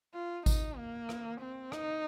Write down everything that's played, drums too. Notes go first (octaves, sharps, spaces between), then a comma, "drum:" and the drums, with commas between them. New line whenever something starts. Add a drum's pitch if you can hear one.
F4
D#4, drum: kick G#1, tambourine
A#3
drum: rim click
C4
D#4, drum: rim click